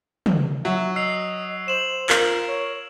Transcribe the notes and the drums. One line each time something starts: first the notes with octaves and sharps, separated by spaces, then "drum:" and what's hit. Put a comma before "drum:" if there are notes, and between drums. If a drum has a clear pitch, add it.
drum: tom
F#3 E5
D#5 E6 C7 F7
C5 E7 F#7
F4 A#4, drum: clap
C#5